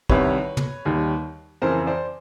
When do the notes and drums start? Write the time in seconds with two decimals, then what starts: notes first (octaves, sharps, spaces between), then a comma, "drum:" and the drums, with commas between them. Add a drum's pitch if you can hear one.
0.09 C2 C3 D#3 G3 B4 C#5, drum: kick
0.57 drum: tom
0.85 D#2 D#3 G3
1.62 F2 C#3 E3 A#4 C5
1.87 C5 D5